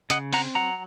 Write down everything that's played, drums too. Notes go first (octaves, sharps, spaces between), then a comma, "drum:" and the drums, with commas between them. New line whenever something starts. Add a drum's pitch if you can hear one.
C#3 D#5 F#5, drum: hi-hat
C4 F#5 A#5, drum: open hi-hat
F#3 F#5 A#5